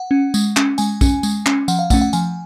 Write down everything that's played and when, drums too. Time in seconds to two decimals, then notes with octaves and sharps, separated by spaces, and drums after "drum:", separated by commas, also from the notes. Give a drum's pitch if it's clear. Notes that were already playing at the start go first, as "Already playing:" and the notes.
Already playing: F#5
0.11 C#4
0.34 G#3, drum: tambourine
0.57 C#4, drum: clap
0.78 G#3 G#5, drum: tambourine
1.01 C#4, drum: kick, tambourine
1.23 G#3, drum: tambourine
1.46 C#4, drum: clap
1.68 F3 F#5, drum: tambourine
1.79 F5
1.90 A3 C#4 F#5, drum: kick, tambourine
2.01 F#5
2.13 F3 G#5, drum: tambourine